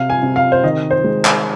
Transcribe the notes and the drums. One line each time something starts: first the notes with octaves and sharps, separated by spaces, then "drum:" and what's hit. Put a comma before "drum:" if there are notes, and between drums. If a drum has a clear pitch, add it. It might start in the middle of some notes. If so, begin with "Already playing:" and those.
Already playing: C3 F5
G#5
C3
F5
C5
D#3 D#5
C5
G#3
drum: clap